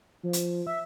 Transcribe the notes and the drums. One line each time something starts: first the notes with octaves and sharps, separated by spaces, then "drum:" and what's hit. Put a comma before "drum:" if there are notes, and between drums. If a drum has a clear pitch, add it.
F3
drum: hi-hat
E5